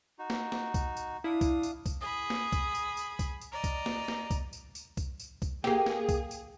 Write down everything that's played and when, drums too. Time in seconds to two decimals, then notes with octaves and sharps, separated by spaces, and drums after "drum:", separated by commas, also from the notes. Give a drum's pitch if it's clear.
0.19 D#4 F#4
0.30 drum: snare
0.52 drum: snare
0.74 drum: kick C2, tambourine
0.97 drum: tambourine
1.24 D4 E4 F5 D#6
1.41 drum: kick C2, tambourine
1.63 drum: tambourine
1.86 drum: kick C2, tambourine
2.01 G#4 B5 D#6
2.30 drum: snare
2.52 drum: kick C2, tambourine
2.75 drum: tambourine
2.97 drum: tambourine
3.19 drum: kick C2, tambourine
3.41 drum: tambourine
3.52 D5 D#5 A#5
3.64 drum: kick C2, tambourine
3.86 drum: snare
4.08 drum: snare
4.31 drum: kick C2, tambourine
4.53 drum: tambourine
4.75 drum: tambourine
4.97 drum: kick C2, tambourine
5.20 drum: tambourine
5.42 drum: kick C2, tambourine
5.64 A#3 G4 G#4, drum: snare
5.86 drum: snare
6.09 drum: kick C2, tambourine
6.31 drum: tambourine